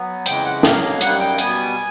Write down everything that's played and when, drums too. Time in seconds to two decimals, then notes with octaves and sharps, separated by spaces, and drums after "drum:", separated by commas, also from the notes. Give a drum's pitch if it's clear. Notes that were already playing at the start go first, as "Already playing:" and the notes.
Already playing: F#3 B3
0.26 F2 C#3 E3 G#3 G5, drum: hi-hat
0.45 F#5
0.63 B2 F#3 A#3 F5, drum: snare
0.83 F5
1.01 F#2 D#3 G3 A#3 F#5, drum: hi-hat
1.20 G5
1.38 B2 G3 B3 G#5, drum: hi-hat